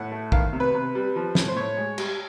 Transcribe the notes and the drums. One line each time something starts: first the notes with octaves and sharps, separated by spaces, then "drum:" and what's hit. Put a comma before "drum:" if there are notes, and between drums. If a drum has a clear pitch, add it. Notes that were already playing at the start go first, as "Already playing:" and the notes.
Already playing: A2 F#5
A3
D#3 F5, drum: kick
C3
B4
C3
G3
F3
A2, drum: snare
C5
A2 C#5
G#3
G3, drum: cymbal